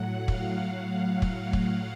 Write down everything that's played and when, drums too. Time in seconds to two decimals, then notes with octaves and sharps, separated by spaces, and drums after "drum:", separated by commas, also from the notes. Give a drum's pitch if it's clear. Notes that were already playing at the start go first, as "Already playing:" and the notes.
Already playing: A2 F#3 F#5
0.28 F5, drum: kick
0.75 F#5
1.22 drum: kick
1.53 drum: kick